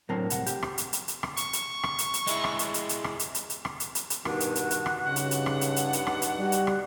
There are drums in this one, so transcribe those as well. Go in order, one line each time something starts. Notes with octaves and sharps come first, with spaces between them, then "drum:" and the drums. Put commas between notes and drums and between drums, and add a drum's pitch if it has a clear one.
A2 D3 F#3 C4 A#4 A5
C2 F#5, drum: hi-hat
G4, drum: hi-hat
drum: rim click
drum: hi-hat
drum: hi-hat
drum: hi-hat
drum: rim click
C#6, drum: hi-hat
drum: hi-hat
drum: rim click
drum: hi-hat
drum: hi-hat
G#3 E4, drum: hi-hat
drum: rim click
drum: hi-hat
drum: hi-hat
drum: hi-hat
drum: rim click
drum: hi-hat
drum: hi-hat
drum: hi-hat
drum: rim click
drum: hi-hat
drum: hi-hat
drum: hi-hat
G2 B2 D#3 F#4, drum: rim click
drum: hi-hat
drum: hi-hat
drum: hi-hat
drum: rim click
G2 C#3 D#4 F#5
drum: hi-hat
drum: hi-hat
drum: rim click
drum: hi-hat
drum: hi-hat
B4, drum: hi-hat
drum: rim click
drum: hi-hat
G3 F#4
drum: hi-hat
drum: rim click